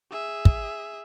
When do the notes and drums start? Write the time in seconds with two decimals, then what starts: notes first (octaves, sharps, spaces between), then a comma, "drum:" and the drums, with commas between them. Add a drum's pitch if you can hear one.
0.11 G#4 E5
0.45 drum: kick